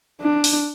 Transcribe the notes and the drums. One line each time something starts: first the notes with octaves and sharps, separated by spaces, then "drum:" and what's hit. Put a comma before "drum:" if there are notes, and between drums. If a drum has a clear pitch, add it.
D4
drum: open hi-hat